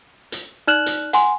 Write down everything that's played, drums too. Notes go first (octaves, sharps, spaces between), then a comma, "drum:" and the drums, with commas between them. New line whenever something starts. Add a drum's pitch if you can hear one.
drum: hi-hat
D#4 D5 F6 F#6 E7 F#7
drum: hi-hat
F#5 G#5 C6, drum: hi-hat